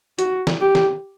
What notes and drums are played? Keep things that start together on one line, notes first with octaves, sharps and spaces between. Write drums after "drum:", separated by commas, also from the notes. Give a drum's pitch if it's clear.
F#4, drum: hi-hat
drum: snare
G4
drum: snare